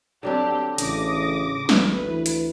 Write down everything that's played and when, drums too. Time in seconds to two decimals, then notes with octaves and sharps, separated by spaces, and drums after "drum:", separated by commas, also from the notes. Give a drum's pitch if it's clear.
0.23 D3 F#3 C4 D4 G4
0.78 A1 C#3 D6 D#6 A#6, drum: hi-hat
1.69 G#1 D2 B4, drum: snare
2.07 E3
2.26 drum: hi-hat